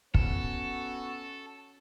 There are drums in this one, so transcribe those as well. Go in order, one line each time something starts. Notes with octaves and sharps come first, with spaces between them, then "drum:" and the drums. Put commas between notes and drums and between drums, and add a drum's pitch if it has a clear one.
B3 C#4 F#4 A4, drum: kick